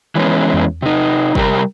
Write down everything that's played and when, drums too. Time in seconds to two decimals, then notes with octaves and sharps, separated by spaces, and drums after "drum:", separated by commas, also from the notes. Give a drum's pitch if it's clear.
0.15 E3 F#3 G#3 B3 C#4
0.54 drum: tom E2
0.82 C3 D#4
1.35 C3 G3 G4 A#4, drum: kick